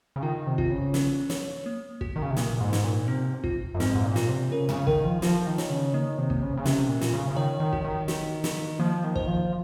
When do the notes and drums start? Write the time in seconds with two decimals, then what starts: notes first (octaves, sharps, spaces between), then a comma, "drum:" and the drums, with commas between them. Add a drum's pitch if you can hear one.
0.16 C#3
0.23 D#3 F4
0.47 C3
0.58 F4, drum: kick
0.71 C#3
0.94 C#4, drum: snare
1.30 C#5, drum: snare
1.66 A#3
2.01 F#4, drum: kick
2.16 D#3
2.22 C#3
2.30 C3
2.36 A#2 A#3, drum: snare
2.61 G#2
2.73 D#4, drum: snare
2.84 A#2
3.08 C3 C4
3.44 F4, drum: kick
3.75 F#2
3.80 G#2 C4, drum: snare
3.95 G#2
4.03 A#2
4.16 F4, drum: snare
4.28 C3
4.51 C#3 A#4
4.69 C#3, drum: tom
4.87 D#3 A#4, drum: kick
5.05 F3
5.22 F3 F4, drum: snare
5.47 D#3
5.58 C#5, drum: snare
5.70 C#3
5.94 D#3 A#3
6.18 C3
6.30 A#3, drum: kick
6.42 C#3
6.57 C#3
6.65 C3 C#4, drum: snare
6.89 A#2
7.01 F4, drum: snare
7.13 C#3
7.31 C#3
7.36 D#3 C#5
7.60 D#3
7.73 F#4, drum: kick
7.84 D#3
8.08 F#4, drum: snare
8.44 F#4, drum: snare
8.79 F3 A#3
9.04 D#3
9.16 C5, drum: kick
9.27 F3